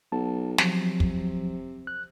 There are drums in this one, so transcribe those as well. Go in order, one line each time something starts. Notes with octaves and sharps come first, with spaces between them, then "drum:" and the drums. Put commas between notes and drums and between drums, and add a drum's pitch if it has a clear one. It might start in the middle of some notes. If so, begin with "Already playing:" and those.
B1 A5
C3 F3 F#3, drum: snare
drum: kick
F#6